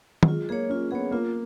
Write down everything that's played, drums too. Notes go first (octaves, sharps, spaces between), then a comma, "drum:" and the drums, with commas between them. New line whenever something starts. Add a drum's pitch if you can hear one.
F#3, drum: tom
G#3 F4
A#3 G#4 C#5
C#4 F4
B3 G#4 C#5
A#3 F4